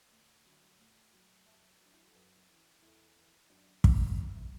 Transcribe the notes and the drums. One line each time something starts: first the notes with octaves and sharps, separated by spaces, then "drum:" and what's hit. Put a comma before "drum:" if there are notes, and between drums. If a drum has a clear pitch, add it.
D2
D3 F#3
A2
F#3
F#2 E5 A5
F#3
D4
E4
F#4
A4
F#2 F#4 B4
E3
E2 E4 A4
E3
F#2 D4 F#4
F#3, drum: kick
F#2 F#4 B4
B4 E5